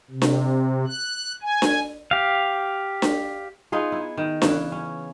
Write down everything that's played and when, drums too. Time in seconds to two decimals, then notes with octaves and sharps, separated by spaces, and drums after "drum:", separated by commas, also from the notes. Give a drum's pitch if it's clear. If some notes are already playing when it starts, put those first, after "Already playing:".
0.10 C3
0.22 drum: snare D4
0.87 F#6
1.42 G#5
1.62 drum: snare D4
2.11 G4 F5
3.02 drum: snare D4
3.72 B3 D#4 F4 G#4
3.92 E4
4.17 D#3
4.42 C#3 E3 B4, drum: snare D4
4.72 C#4